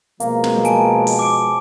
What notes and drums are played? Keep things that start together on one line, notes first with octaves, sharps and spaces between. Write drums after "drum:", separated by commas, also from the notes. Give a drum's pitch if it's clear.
B2 F3 G#3 A#3, drum: hi-hat
drum: snare
G#5 A5 D7, drum: hi-hat
drum: open hi-hat
D6 D7